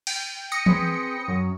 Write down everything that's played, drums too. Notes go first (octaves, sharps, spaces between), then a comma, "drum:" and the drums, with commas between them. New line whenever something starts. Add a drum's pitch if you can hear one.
G5, drum: cymbal
D#6 A#6 C#7
C4 G#4 B4, drum: tom E3
F#2 C#4